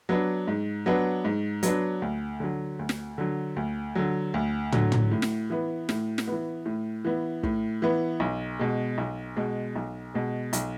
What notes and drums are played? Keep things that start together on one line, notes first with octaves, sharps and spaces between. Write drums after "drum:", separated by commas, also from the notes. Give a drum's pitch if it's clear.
F#3 B3 D4
G#2
F#3 B3 D4
G#2
F#3 B3 D4, drum: hi-hat
D2
D3 F#3
D2
drum: snare
D3 F#3
D2
D3 F#3
D2
D3 F#3, drum: tom
drum: tom
A2
drum: snare
E3 B3
A2, drum: snare
drum: snare
E3 B3
A2
E3 B3
A2, drum: kick
E3 B3
B1
B2 G#3
B1
B2 G#3
B1
B2 G#3
B1, drum: hi-hat